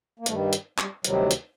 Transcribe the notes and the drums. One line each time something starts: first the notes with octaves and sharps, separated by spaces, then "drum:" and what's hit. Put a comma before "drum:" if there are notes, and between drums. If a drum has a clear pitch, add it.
A#3
G2 D#3 G3 A3, drum: hi-hat
drum: hi-hat
G3, drum: clap
D2 C3 D#3 F#3 G3, drum: hi-hat
drum: hi-hat